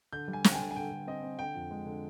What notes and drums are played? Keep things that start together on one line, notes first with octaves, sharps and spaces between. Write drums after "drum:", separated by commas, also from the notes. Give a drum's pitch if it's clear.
D3 G6
G3
G#5
D3, drum: snare
G5
G#5
D3
G#5
D3 G5
D3
C4 D#5
C4
D3 G5
F2
G#3
D3